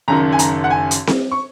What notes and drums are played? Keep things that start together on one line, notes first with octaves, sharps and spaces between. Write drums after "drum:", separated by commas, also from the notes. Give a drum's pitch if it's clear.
F#1 F#2 D#3 A#5
G#5
A#5, drum: hi-hat
F#5
G#5
drum: hi-hat
drum: snare C4
C#6